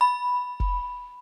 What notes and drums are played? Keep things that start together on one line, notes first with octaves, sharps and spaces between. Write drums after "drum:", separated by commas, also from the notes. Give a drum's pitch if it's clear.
B5
drum: kick